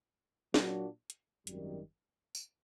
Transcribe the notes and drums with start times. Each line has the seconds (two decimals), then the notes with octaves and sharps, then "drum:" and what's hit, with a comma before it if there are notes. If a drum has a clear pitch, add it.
0.54 A#2 F#3 A#3 D4 F#4, drum: snare
1.10 drum: hi-hat
1.47 G#1 F#2 D#3 G3, drum: hi-hat
2.35 drum: tambourine